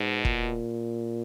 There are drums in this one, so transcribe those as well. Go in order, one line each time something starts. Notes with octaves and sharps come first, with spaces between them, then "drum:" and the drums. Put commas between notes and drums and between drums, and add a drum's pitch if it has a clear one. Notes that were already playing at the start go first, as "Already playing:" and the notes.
Already playing: G#2 B2
A#2, drum: kick